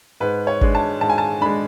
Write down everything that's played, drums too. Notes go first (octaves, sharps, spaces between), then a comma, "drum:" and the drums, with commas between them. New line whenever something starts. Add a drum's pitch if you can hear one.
G#2 B4
C#5
G#3 D4, drum: kick G#1
A5
G#2 A5
G#5
A5
G#3 D4 B5